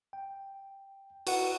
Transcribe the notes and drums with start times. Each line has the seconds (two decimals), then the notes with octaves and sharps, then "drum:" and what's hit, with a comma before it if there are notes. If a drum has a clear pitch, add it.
0.13 G5
1.27 F#4 B4 F#5, drum: cymbal